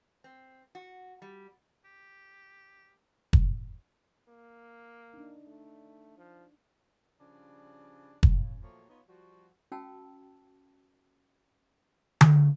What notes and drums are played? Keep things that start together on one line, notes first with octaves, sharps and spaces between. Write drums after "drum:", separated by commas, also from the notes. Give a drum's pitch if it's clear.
C4
F#4
G3
G4
drum: kick
A#3
D4 D#4
A3
F3
C#3 F3 G3 D4
C#3, drum: kick
A#2 F3 F#3 A3 C#5
B3 D#4 F4 C#5
F3 G3 F#4
C#4 F#4 F5 G5 A5 E6
drum: tom D3